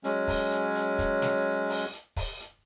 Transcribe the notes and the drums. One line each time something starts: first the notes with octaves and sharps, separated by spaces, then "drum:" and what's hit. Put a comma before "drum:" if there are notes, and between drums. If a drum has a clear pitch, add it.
F#3 G#3 C#4, drum: hi-hat
drum: kick, open hi-hat
drum: hi-hat
drum: hi-hat
drum: kick, hi-hat
drum: snare
drum: open hi-hat
drum: hi-hat
drum: kick, open hi-hat
drum: hi-hat